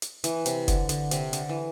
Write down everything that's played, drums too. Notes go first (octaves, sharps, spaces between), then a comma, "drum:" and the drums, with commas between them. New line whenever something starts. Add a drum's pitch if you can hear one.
drum: hi-hat
E3, drum: hi-hat
C3, drum: hi-hat
D3, drum: kick F1, hi-hat
D3, drum: hi-hat
C3, drum: hi-hat
D3, drum: hi-hat
E3